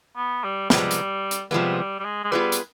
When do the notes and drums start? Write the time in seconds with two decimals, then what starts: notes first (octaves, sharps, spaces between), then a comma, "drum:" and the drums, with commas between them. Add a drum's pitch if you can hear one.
0.17 B3
0.44 G3
0.70 C3 F3 G3 G#3 B3, drum: snare
0.91 drum: hi-hat
1.31 drum: hi-hat
1.51 C3 F3 G3 G#3 B3
1.78 G3
2.00 G3
2.05 G#3
2.24 G#3
2.32 G3 B3 F4 G#4 B4
2.52 drum: hi-hat